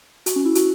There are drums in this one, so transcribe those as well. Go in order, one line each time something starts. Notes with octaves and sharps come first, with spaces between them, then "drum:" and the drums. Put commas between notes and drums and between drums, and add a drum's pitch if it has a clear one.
F#4, drum: hi-hat
C#4
E4
F#4, drum: hi-hat